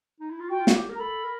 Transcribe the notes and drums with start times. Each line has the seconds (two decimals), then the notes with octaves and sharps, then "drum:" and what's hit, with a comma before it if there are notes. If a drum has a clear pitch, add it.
0.20 D#4
0.30 E4
0.40 F4
0.49 F#4 G5
0.59 F4
0.67 F#4, drum: snare
0.75 G4
0.89 A#4
0.95 A#5
1.00 A4 B5
1.24 A#4